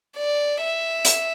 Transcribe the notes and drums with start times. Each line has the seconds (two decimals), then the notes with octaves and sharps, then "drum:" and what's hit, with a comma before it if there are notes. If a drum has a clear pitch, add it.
0.17 D5
0.64 E5
1.05 drum: hi-hat